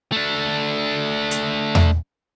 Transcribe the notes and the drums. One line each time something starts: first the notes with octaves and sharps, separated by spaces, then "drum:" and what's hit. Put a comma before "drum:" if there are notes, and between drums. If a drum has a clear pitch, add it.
A3 D4
drum: hi-hat
drum: tom E2